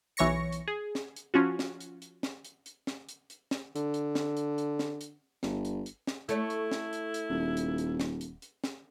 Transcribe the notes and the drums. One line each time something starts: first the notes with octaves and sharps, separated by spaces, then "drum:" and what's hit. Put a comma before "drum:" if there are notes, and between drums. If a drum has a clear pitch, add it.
B1 E3 C#5 C#6 A#6 C#7
drum: hi-hat
G#4
drum: snare
drum: hi-hat
F3 C#4 F4 F#4
drum: snare
drum: hi-hat
drum: hi-hat
drum: snare
drum: hi-hat
drum: hi-hat
drum: snare
drum: hi-hat
drum: hi-hat
drum: snare
D3, drum: hi-hat
drum: hi-hat
drum: snare
drum: hi-hat
drum: hi-hat
drum: snare
drum: hi-hat
G1, drum: snare
drum: hi-hat
drum: hi-hat
drum: snare
A3 E4 C#5, drum: hi-hat
drum: hi-hat
drum: snare
drum: hi-hat
drum: hi-hat
D#1
drum: hi-hat
drum: hi-hat
drum: snare
drum: hi-hat
drum: hi-hat
drum: snare